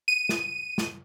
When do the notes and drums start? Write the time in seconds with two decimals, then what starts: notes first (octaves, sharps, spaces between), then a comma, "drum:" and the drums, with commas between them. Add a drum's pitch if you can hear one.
0.08 D#7
0.29 drum: snare
0.78 drum: snare